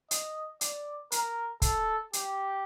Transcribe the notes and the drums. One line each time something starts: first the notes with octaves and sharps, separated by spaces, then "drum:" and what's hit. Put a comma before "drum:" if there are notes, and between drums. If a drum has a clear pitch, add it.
D#5, drum: hi-hat
D5, drum: hi-hat
A#4, drum: hi-hat
A4, drum: kick, hi-hat
G4, drum: hi-hat